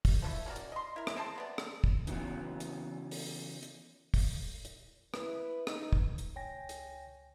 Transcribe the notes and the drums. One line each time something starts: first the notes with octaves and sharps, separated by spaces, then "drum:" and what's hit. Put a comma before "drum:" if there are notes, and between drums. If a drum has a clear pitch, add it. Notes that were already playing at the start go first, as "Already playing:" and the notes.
drum: kick, open hi-hat
F3 A3 D4 E4
C#4 F#4 A#4 D5
drum: hi-hat
D#5 C6
E4 A#4
drum: rim click
C4 G#4 A5 C6
C3 B3 D5
drum: rim click
drum: kick
C#3 E3 F#3 B3, drum: hi-hat
drum: hi-hat
drum: open hi-hat
drum: hi-hat
drum: kick, open hi-hat
drum: hi-hat
E4 B4, drum: rim click
D#4, drum: rim click
drum: kick
drum: hi-hat
C#2 C#5 G5 G#5 A#6
drum: hi-hat